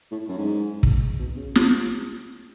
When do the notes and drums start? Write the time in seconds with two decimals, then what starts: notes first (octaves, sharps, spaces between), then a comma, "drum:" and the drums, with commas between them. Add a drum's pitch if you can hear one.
0.11 A2
0.29 F#2
0.38 G#2
0.83 drum: kick
1.19 B2
1.36 C#3
1.55 E3, drum: snare